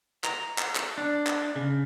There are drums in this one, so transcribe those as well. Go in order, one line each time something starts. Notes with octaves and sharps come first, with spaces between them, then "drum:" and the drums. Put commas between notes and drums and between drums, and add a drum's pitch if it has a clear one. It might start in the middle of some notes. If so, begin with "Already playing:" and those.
A#5, drum: clap
drum: clap
drum: clap
D4
drum: clap
C#3